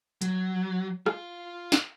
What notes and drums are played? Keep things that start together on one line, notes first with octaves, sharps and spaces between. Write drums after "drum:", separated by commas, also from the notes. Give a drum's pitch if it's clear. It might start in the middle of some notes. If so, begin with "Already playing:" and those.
F#3, drum: hi-hat
F4 F5, drum: rim click
drum: snare